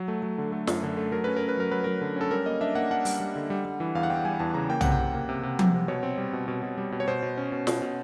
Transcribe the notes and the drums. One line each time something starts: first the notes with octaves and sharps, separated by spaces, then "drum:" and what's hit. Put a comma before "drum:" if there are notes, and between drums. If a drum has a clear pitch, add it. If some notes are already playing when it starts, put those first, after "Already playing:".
Already playing: F#3
A3
F#3
D3
A3
F#2, drum: snare
D3
A3
F#3 A#4
C#4 B4
A#4
C#4
B4
F#3 A#4
F#3 B4
F#3 A#4
D3
C#4 A4
G3 A#4
A#3 D#5
D4 E5
A#3 F#5
D4 F#5
G3, drum: open hi-hat
G3
D3
G3
G3
E3
E2 F5
F#5
E2 G5
G3 G#5
E2 A5
C#3 A#5
A#3 G5
C3 F#5, drum: tom
G5
C3
A#3
C3
C3
C3, drum: tom F3
C3
B2 C#5
C4
G3
B2
B2
B2
G3
B2
C#5
B2 C5
B2
C#4
B2
B2, drum: snare
B2